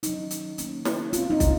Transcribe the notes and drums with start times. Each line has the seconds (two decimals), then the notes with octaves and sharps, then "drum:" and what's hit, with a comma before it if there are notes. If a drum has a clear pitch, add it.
0.03 D#3 F#3 C#4 D#4, drum: hi-hat
0.31 drum: hi-hat
0.58 D#3 A#3 C#4, drum: hi-hat
0.85 drum: snare
1.13 F3 C4 F4, drum: hi-hat
1.30 D#4
1.40 drum: kick, hi-hat